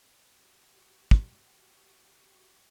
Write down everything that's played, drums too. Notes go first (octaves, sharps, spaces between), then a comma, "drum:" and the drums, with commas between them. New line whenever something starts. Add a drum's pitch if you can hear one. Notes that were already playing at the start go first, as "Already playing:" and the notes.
F#4 G4 C#6
drum: kick